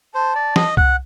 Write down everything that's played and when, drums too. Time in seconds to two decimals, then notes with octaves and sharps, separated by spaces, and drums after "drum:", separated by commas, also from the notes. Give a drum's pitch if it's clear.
0.14 C5 A5
0.35 D5
0.56 D#5, drum: snare
0.77 F#5, drum: kick C2